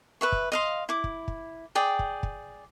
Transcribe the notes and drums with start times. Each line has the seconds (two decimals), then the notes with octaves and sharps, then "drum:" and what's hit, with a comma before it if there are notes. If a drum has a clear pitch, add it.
0.21 B4 E5 C#6
0.32 drum: kick
0.52 D#5 F5 C6
0.89 E4 D6
1.04 drum: kick
1.28 drum: kick
1.75 G#4 D5 G5
1.99 drum: kick
2.23 drum: kick